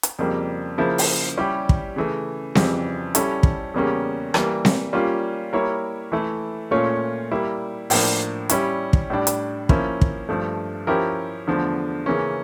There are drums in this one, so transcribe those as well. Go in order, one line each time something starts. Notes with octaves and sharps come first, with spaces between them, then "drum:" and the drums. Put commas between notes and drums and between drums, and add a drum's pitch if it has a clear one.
drum: hi-hat
F2 C#3 G3 A#3
C#3 F3 A#3 E4
drum: open hi-hat
G3 C#4 E4 G4
drum: kick
C#3 E3 A3
F2 C#3 E3 G3, drum: snare C4
G3 C#4 E4 A4, drum: hi-hat
drum: kick
E2 C#3 G3 A#3 C#4
E3 G3 A#3, drum: rim click
drum: snare C4
G3 A#3 C#4 F4
G3 A#3 E4 A#4 C#5
E3 A3 E4
A#2 A3 C#4 F4 C#5
G3 A#3 E4
A2 F3 A#3 D4, drum: open hi-hat
G3 C#4 E4, drum: hi-hat
drum: kick
A2 G3 D4
drum: hi-hat
F3 A#3 C#4 E4, drum: kick
drum: kick
G2 F3 A3
F3 C#4 E4 G4 A#4
E2 D3 F3 A3
C#3 E3 A#3 C#4